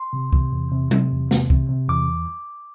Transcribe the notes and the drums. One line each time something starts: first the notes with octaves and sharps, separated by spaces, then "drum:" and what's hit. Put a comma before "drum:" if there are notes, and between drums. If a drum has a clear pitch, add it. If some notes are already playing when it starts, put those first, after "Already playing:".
Already playing: C6
C3
C3, drum: kick
E2
C3
C3, drum: tom F#3
E2
C3, drum: snare
C3, drum: kick
C3
E2 D6